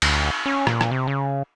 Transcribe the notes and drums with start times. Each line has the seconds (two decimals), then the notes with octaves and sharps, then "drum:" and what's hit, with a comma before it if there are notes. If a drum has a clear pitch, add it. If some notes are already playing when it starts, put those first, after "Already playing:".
0.02 D2, drum: cymbal
0.46 C#4
0.67 A#2, drum: rim click
0.81 drum: rim click
0.91 C3
1.08 C#3